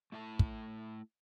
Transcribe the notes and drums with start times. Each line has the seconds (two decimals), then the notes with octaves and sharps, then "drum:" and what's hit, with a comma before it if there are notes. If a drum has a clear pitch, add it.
0.12 A3 E4 E5 A5
0.39 drum: kick